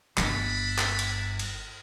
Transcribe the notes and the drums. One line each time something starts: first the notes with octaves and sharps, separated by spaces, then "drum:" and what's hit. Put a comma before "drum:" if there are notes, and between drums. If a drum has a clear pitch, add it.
G1 D4 E4 B5, drum: clap
drum: clap
drum: cymbal
drum: cymbal